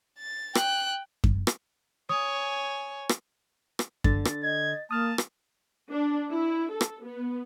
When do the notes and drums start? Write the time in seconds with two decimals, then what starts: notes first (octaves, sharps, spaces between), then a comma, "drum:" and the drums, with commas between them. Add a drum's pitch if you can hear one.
0.18 A6
0.55 G5 F#6, drum: rim click
1.24 drum: kick F#2
1.47 drum: rim click
2.09 C#5 G#5 D#6
3.09 drum: rim click
3.79 drum: rim click
4.04 D3 A6, drum: kick F#2
4.25 drum: rim click
4.43 D#5 G#6
4.91 A#3 A5 D#6 F6
5.18 drum: rim click
5.92 D4
6.30 E4
6.71 A4
6.81 drum: rim click
7.04 B3